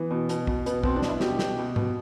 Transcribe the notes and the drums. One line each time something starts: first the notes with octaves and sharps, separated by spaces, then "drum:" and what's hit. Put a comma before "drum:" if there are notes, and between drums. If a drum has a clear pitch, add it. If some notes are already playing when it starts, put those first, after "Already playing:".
Already playing: E3 B3
B2
B2, drum: hi-hat
B2, drum: kick
B2 B3, drum: hi-hat
B2 C4, drum: kick
D4
B2, drum: snare
E4
B2 G4, drum: snare
B2 G4, drum: snare
B2
B2, drum: tom G#2